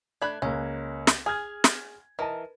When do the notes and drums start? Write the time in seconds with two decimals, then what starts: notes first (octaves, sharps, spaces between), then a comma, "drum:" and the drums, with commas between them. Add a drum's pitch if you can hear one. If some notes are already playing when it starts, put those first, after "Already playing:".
0.22 A3 D4 B5 F#6 G#6
0.42 C#2 A#3 C#4
1.07 drum: snare
1.26 G#4 G#5 F6 G#6
1.64 drum: snare
2.19 E3 A#4 D#5 A5